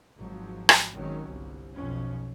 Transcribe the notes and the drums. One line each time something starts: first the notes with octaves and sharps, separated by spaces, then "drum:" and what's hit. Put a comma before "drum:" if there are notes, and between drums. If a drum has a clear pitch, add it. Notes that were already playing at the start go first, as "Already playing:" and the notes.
G#1 F3 F#3
drum: rim click
G#1 D#3 F#3 C#4
G1 C2
B1 F2 C#4